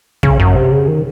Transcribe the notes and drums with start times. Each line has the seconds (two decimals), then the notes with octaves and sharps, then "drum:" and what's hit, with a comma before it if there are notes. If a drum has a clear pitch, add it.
0.23 C#3, drum: kick
0.40 F#2
0.56 C3
0.72 C#3
0.88 D#3